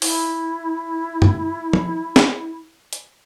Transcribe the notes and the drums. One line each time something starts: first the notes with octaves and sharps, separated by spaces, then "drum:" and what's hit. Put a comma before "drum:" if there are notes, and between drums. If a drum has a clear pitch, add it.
E4, drum: open hi-hat
drum: tom
drum: tom F3
drum: snare
drum: hi-hat